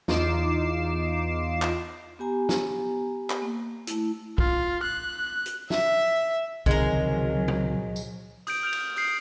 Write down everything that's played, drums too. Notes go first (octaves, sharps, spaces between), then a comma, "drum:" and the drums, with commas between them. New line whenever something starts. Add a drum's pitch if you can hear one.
E2 D#4 F4 D6 C7 E7, drum: snare
drum: clap
B3 G4 G#5 A#5
drum: snare
drum: clap
A#3
A3 E4, drum: hi-hat
F4, drum: kick
F#6
drum: hi-hat
E5, drum: snare
C#2 C3 D#3 F3 F#3 G#3 A#4, drum: kick
drum: tom
drum: tambourine
D#6 G6 D7, drum: open hi-hat
F6 G6 D7 F7
drum: cymbal
D#6 G6 C7, drum: open hi-hat